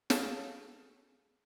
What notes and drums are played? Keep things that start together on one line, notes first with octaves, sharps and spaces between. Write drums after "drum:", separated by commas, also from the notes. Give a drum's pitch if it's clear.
G#4 A4 C#5 F5 G#5 A5, drum: snare